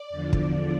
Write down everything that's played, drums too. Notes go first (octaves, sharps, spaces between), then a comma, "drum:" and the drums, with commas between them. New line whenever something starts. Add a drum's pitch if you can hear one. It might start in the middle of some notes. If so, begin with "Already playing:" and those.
Already playing: D5
E2 D3 F3
drum: kick